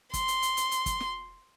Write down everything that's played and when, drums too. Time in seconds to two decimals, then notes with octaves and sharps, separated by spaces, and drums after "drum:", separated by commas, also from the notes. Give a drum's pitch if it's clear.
0.14 C6, drum: kick, hi-hat
0.28 drum: hi-hat
0.42 drum: hi-hat
0.57 drum: hi-hat
0.71 drum: hi-hat
0.86 drum: kick, hi-hat
1.00 drum: snare